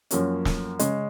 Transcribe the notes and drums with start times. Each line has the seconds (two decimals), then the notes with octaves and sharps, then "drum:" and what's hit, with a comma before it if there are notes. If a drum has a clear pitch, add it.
0.11 F#2 F3 A#3 C#4, drum: hi-hat
0.45 drum: snare
0.79 C#3 G#3 C#4, drum: hi-hat